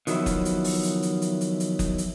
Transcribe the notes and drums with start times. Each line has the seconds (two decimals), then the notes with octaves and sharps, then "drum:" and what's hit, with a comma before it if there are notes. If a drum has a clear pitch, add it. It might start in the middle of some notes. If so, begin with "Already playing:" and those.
0.07 D#3 F3 F#3 B3 E4, drum: hi-hat
0.26 drum: kick F#1, hi-hat
0.45 drum: hi-hat
0.64 drum: open hi-hat
0.83 drum: hi-hat
1.03 drum: hi-hat
1.22 drum: hi-hat
1.41 drum: hi-hat
1.60 drum: hi-hat
1.79 drum: kick F#1, hi-hat
1.98 drum: hi-hat